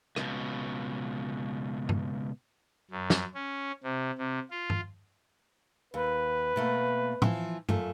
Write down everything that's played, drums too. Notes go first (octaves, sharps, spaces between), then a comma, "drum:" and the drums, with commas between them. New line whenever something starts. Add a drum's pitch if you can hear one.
C#2 B2, drum: rim click
drum: tom G2
F#2
drum: snare
C#4
C3
C3
F4
drum: tom G2
D#2 B4
B2 A3 A#3
E3 F3, drum: tom A2
F#2 A3 F4, drum: tom G2